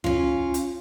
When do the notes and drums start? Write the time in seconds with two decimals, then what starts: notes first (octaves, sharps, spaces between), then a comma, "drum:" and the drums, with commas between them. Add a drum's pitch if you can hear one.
0.04 C#4 F4, drum: tom
0.54 drum: hi-hat